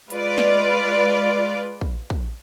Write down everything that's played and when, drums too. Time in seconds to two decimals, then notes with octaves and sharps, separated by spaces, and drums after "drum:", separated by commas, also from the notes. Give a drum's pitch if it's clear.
0.10 G#3 F4 B4 D5, drum: hi-hat
0.38 drum: snare
1.81 drum: kick
2.10 drum: kick